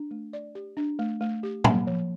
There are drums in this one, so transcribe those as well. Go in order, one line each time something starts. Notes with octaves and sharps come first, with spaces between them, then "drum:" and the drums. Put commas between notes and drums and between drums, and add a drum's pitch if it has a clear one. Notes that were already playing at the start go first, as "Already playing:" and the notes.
Already playing: D4
A3
D5
G4
D4
A3
A3
G4
A#3, drum: tom
F3